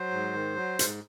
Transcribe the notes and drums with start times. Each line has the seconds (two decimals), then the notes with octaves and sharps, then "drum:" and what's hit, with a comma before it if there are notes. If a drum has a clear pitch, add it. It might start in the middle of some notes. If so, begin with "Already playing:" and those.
Already playing: F#3 C5
0.11 G#2
0.33 D#3
0.56 F#3
0.79 G#2, drum: hi-hat